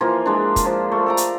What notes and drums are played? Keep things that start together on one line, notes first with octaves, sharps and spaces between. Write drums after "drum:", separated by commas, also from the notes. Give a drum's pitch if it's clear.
E3 F3 A#3 F4
G#3 D4
drum: kick, hi-hat
F3
A3
A4 D5 A#5
drum: hi-hat